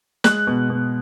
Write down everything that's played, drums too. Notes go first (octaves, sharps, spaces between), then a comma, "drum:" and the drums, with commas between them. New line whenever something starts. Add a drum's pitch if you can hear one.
G#3 F#6, drum: snare
B2
B2